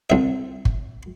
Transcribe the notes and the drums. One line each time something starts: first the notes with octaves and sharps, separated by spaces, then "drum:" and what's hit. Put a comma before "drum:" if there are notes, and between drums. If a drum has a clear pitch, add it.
C2 E5
drum: kick G1